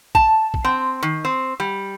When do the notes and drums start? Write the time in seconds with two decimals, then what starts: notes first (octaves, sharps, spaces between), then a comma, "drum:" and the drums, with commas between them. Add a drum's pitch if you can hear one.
0.15 A5, drum: kick
0.54 drum: kick
0.64 C4
1.03 D#3
1.25 C4
1.60 G3